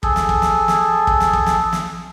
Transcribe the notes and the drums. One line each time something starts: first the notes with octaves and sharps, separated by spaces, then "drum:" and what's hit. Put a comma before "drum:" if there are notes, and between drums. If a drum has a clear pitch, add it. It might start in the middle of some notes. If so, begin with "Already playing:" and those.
G#4 A4, drum: kick
drum: snare
drum: kick
drum: snare
drum: snare
drum: kick
drum: snare
drum: kick
drum: snare
drum: snare